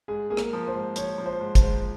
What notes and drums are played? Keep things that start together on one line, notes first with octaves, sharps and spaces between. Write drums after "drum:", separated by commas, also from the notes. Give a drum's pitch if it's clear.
G#2 G#4
A#3 G#4
A#4, drum: rim click
F3
C5
G#2
F3 C#5, drum: hi-hat
F3
C5
G#2
C5, drum: kick, hi-hat
G#2